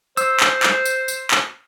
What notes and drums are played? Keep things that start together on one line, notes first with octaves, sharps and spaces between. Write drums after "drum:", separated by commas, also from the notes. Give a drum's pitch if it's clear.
C5 E6, drum: tambourine
drum: clap
drum: clap
drum: tambourine
drum: tambourine
drum: clap